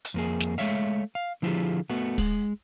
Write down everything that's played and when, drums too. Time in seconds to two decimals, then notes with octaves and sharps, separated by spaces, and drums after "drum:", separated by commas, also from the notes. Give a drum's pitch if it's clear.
0.05 drum: hi-hat
0.14 F2 A#3 G#4
0.40 drum: snare
0.58 G#3 A3 C#5 E5 F5
1.15 F5
1.42 D3 F3 E4 F4 G4 G#4
1.90 A3 B3 F#4
2.18 G#3, drum: kick, open hi-hat